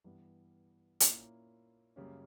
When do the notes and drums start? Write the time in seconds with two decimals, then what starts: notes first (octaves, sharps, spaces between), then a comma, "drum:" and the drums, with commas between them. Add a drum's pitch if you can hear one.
0.04 G2 E3 G3 B3
1.00 A#2 A#3 C#4 E4, drum: hi-hat
1.96 F#2 C#3 G3 A#3 C#4